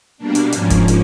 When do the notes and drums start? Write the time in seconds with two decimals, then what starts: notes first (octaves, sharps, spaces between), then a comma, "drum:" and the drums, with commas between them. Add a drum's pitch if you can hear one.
0.18 B2 G3 A#3 D4
0.35 drum: hi-hat
0.52 G#2 F3 A#3 C#4, drum: hi-hat
0.70 drum: kick, hi-hat
0.88 drum: hi-hat